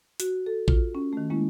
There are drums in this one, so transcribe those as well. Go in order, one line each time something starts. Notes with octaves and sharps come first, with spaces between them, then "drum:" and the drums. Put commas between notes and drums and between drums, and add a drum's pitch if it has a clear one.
F#4, drum: hi-hat
A4
F4, drum: kick A1
C#4
D#3 A3
G#3 A#3 C#4 E4